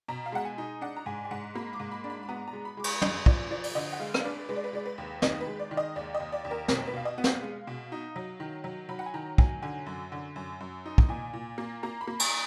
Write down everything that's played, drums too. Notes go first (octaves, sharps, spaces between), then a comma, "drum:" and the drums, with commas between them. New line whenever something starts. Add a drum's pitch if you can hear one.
B2 A#5
F5
G#3 F#5
G#5
D#4
D4 F#5
A#5
G#2 G#5
G#5
G#2 F#5
A#3 B5
D6
G#2
B5
D4
B5
B5
B3 A#5
A#5
G#3
B5
G#3 D6
B5, drum: cymbal
F#2 D#5, drum: tom
F3 D5, drum: kick
F3 D5
D5, drum: open hi-hat
D3 D#5
F#5
G#3 F5
drum: rim click
D4 B4
G#3 B4
D5
B4
G#3 D5
B4
D#2
D#3 D#5, drum: snare
B4
G#3
D5
D#3
D#5
D#2 D5
D#5
D#2
D5
D#2
A#4
B2 A#4, drum: snare
B4
B2 F5
D#5
B3
F5, drum: snare
G#3 F5
B2
D#4
F#3
D#3
F#3
F#3 B5
F#5
G#5
D#3 A#5
F#3 G#5, drum: kick
D3 G#5
F#2
D3
F#2
F#2
D#4
drum: kick
A#2 G#5
A#2
A#3
A#3 A#5
B5
A#3
A#5, drum: cymbal